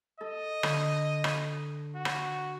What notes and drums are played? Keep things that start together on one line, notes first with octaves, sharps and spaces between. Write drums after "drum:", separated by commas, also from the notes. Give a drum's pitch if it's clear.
A4 D#5
D3, drum: rim click
drum: rim click
F#4
drum: rim click